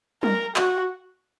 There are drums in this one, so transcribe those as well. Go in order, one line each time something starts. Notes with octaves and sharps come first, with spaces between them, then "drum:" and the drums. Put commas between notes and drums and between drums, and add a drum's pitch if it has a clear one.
A#4, drum: tom F#3
F#4, drum: clap